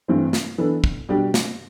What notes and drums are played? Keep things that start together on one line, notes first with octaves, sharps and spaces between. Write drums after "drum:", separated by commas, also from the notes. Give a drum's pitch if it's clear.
G2 E3 A3 C4
drum: snare
E3 B3 D4 A4
drum: kick
B2 G3 D4 G4
drum: snare